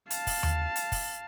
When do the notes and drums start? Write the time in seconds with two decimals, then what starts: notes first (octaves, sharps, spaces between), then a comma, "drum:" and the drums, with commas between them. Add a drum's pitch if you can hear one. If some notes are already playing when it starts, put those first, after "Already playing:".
0.10 F5 A5, drum: hi-hat
0.27 drum: kick, open hi-hat
0.43 drum: tom D#2
0.76 drum: hi-hat
0.92 drum: kick, open hi-hat